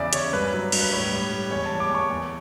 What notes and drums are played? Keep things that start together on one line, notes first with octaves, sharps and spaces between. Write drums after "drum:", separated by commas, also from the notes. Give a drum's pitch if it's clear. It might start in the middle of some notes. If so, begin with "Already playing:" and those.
Already playing: E2 C#3 D5 E5
C#3 C#5, drum: hi-hat
G2 B4
F#3
G2, drum: cymbal
B4
A2 C#5
G3
G3
E2 C#5
E2 A5
D6
E2 C#6
E2